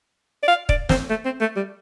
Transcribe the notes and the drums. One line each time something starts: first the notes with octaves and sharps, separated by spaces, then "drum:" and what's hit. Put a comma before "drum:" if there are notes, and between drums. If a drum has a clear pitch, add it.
D5
F5
D5, drum: kick
C4, drum: snare
A3
C4
A3
G3